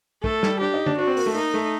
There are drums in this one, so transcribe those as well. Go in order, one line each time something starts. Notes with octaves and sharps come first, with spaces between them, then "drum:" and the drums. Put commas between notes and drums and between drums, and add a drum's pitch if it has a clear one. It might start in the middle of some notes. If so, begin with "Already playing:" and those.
A3 A4, drum: kick
G3, drum: snare
D4 G4
D#4
D4, drum: tom
D4 F#4
C4
A#3, drum: open hi-hat
A3
A#3 D#4
A3